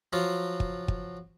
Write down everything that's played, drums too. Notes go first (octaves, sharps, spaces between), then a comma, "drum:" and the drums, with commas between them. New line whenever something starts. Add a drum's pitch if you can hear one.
F3 F#3 F4 F#4
drum: kick
drum: kick